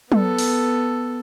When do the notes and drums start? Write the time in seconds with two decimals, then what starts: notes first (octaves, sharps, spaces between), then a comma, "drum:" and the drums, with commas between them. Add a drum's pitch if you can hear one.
0.12 B3 A4, drum: tom F#3
0.38 drum: open hi-hat